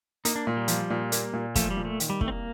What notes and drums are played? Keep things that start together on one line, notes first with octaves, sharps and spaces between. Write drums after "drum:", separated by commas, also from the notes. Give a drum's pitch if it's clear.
A#3 D#4, drum: hi-hat
D4
A#2
G3
F3, drum: hi-hat
A#2
A#3, drum: hi-hat
A#2
F3 A3, drum: kick, hi-hat
G3
A#2
A3
D#3, drum: hi-hat
G3
C2 A3, drum: kick
C4
A#3